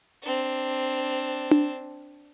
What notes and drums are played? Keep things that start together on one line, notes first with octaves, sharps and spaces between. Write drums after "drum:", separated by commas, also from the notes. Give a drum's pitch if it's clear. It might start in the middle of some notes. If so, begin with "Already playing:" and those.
C4 D4
drum: tom D4